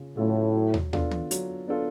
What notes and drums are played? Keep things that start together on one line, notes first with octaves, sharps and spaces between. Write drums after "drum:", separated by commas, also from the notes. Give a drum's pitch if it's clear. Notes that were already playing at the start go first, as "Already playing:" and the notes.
Already playing: C#3 C#4 F4
A2 F#3 C#4 F4 A4
F#3
drum: tom
B3 D4 F4 A4, drum: tom
drum: tom
F#3, drum: hi-hat
B3 D4 F4 A4